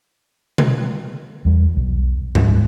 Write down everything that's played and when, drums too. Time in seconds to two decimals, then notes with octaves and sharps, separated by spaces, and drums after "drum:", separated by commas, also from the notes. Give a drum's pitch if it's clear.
0.58 drum: tom B2
1.45 E2 G3
1.77 B1
2.35 D1 G#2 G#3, drum: tom F#2